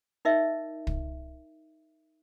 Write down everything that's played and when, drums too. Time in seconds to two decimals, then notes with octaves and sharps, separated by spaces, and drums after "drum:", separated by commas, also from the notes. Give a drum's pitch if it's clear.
0.25 D#4 A#4 D#5 E5
0.87 drum: kick